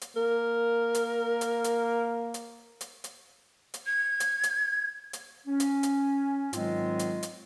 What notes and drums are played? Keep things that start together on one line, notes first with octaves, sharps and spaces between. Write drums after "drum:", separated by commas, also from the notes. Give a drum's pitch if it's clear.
drum: hi-hat
A#3 A#4
drum: hi-hat
drum: hi-hat
drum: hi-hat
drum: hi-hat
drum: hi-hat
drum: hi-hat
drum: hi-hat
G#6
drum: hi-hat
drum: hi-hat
drum: hi-hat
C#4
drum: hi-hat
drum: hi-hat
G#2 D#3 F#3 G#3 C4 F4, drum: hi-hat
drum: hi-hat
drum: hi-hat